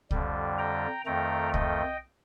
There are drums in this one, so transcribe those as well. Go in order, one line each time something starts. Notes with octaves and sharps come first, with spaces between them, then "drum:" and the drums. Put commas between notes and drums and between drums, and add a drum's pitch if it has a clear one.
F2 D3 G3, drum: kick C2
G5 A#5
F2 D#3 A3 G5 A#5
D#5 G5, drum: kick C2